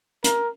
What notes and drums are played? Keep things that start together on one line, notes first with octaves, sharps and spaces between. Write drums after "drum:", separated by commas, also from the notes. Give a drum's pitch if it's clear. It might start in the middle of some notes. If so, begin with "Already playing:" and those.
A#4, drum: hi-hat